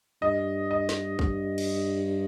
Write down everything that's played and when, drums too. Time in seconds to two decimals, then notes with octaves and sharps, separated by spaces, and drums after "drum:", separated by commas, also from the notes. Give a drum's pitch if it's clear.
0.22 G2 D#5
0.71 D#5
0.89 drum: snare
1.19 G2, drum: kick
1.58 drum: cymbal